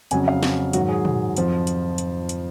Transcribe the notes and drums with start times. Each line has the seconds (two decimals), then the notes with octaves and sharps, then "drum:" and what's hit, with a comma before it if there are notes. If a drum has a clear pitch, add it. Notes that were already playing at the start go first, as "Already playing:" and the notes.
0.11 F2 C#3 F#3 G#5, drum: hi-hat
0.28 F5
0.43 drum: snare
0.73 G#2 D#3 F#3 F#4, drum: hi-hat
0.89 G#4
1.05 drum: tom
1.37 F2 F3, drum: hi-hat
1.67 drum: hi-hat
1.98 drum: hi-hat
2.29 drum: hi-hat